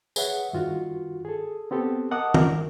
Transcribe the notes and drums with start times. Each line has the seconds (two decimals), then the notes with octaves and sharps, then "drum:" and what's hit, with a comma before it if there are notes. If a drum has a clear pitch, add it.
0.16 G#4 B4 C#5 E5 F#5, drum: tambourine
0.53 G2 D#3 F4 F#4
1.25 G#4 A4
1.71 B3 C4 G4 A4
2.11 A#4 D#5 F#5 A5 D6 D#6
2.34 A#4, drum: tom